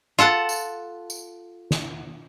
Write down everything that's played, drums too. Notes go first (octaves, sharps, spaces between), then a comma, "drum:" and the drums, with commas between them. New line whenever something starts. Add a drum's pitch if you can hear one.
F4 A4 F#5 A5
drum: tambourine
drum: tambourine
drum: snare